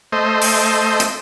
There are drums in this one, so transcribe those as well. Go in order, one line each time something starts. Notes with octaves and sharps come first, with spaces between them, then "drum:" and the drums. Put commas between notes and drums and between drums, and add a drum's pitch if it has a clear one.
A3 C5 D#5
drum: open hi-hat
drum: hi-hat